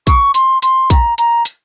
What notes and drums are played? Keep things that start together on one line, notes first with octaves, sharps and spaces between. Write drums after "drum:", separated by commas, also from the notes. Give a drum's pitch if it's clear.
C#6, drum: kick A#1, hi-hat
C6, drum: hi-hat
C6, drum: hi-hat
A#5, drum: kick A#1, hi-hat
A#5, drum: hi-hat
drum: hi-hat